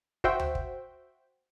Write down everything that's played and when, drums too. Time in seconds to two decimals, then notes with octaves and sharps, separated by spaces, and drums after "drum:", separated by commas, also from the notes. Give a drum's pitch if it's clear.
0.24 F#4 C5 E5 G5, drum: kick
0.40 drum: tom D2
0.55 drum: kick